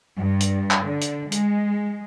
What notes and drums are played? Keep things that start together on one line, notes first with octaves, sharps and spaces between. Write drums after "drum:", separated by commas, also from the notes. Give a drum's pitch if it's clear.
G2
drum: hi-hat
drum: clap
D3
drum: hi-hat
G#3, drum: hi-hat